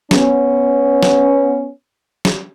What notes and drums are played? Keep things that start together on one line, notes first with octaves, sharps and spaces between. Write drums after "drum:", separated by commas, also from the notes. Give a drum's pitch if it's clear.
B3 C#4, drum: snare
drum: snare
drum: snare